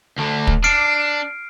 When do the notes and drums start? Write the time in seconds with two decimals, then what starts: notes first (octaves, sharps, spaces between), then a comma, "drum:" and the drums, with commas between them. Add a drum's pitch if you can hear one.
0.18 D2 D3
0.47 drum: kick
0.64 D4 F6 C7 D7